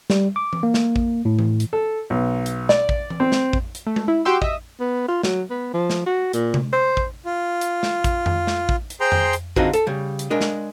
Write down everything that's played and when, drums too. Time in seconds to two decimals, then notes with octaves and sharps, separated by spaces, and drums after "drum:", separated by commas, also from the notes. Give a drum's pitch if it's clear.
0.10 G3, drum: snare
0.36 D6
0.53 drum: tom E3
0.63 A#3
0.74 drum: snare
0.96 drum: kick A1
1.25 A2
1.39 drum: tom E3
1.60 drum: hi-hat
1.73 A4
2.10 B1
2.46 drum: hi-hat
2.69 D5, drum: snare
2.89 drum: kick A1
3.10 drum: tom E3
3.20 C4
3.32 drum: snare
3.53 drum: kick A1
3.75 drum: hi-hat
3.87 A3
3.96 drum: tom G#3
4.08 E4
4.25 F#4 G4 G5 C6 E6
4.42 D#5 E5, drum: kick A1
4.80 B3
5.08 F4
5.23 F#3, drum: snare
5.50 B3
5.74 F3
5.90 drum: snare
6.06 F#4
6.33 A#2, drum: hi-hat
6.54 drum: tom C3
6.73 C5
6.97 drum: kick A1
7.25 F4
7.61 drum: hi-hat
7.83 drum: snare
8.04 drum: kick A1, hi-hat
8.26 drum: tom F2
8.47 drum: snare
8.69 drum: kick A1
8.90 drum: hi-hat
9.00 G#4 C5 G5 A#5 C6
9.12 drum: tom F2
9.33 drum: hi-hat
9.56 D3 C4 D#4 F4 F#4 G#4, drum: kick A1
9.73 A4, drum: hi-hat
9.87 C#3 G3
10.19 drum: hi-hat
10.30 G#3 D4 A#4 D#5
10.41 drum: snare